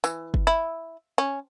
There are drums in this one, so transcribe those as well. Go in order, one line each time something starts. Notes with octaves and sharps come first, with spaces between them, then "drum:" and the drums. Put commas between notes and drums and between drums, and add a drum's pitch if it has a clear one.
E3, drum: tambourine
drum: kick
E4
C#4